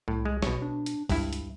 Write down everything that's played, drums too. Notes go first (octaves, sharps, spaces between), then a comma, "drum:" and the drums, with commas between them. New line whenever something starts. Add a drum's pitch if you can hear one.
C2 A2
G#3
B1 B2 C#5, drum: snare
D4
drum: hi-hat
C#2 G2 E4, drum: kick G#1, open hi-hat
drum: hi-hat